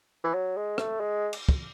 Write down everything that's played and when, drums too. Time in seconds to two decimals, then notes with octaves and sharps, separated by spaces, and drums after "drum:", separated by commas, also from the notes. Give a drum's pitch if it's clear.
0.24 E3
0.34 F#3
0.56 G#3
0.78 A3, drum: rim click
1.00 G#3
1.33 drum: cymbal
1.49 drum: kick